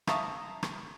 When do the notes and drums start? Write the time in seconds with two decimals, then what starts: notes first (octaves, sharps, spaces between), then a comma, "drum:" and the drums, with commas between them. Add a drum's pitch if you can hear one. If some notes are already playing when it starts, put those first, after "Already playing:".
0.07 E5 F5 A5 A#5 C#6 D#6, drum: rim click
0.63 drum: rim click